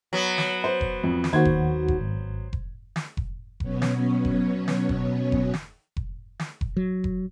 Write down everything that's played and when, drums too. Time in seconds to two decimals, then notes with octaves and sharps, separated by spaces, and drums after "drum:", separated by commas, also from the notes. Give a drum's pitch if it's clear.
0.13 F#3 B3
0.38 drum: snare
0.64 C5
0.81 drum: kick F1
1.04 F2
1.24 drum: snare
1.33 D#2 D#3 F#4 C5 G#6
1.45 drum: kick F1
1.88 drum: kick F1
2.01 G#1
2.53 drum: kick F1
2.96 drum: snare
3.17 drum: kick F1
3.60 B2 F#3 B3 C#4 C#5, drum: kick F1
3.82 drum: snare
4.25 drum: kick F1
4.68 drum: snare
4.89 drum: kick F1
5.32 drum: kick F1
5.54 drum: snare
5.97 drum: kick F1
6.39 drum: snare
6.61 drum: kick F1
6.77 F#3
7.04 drum: kick F1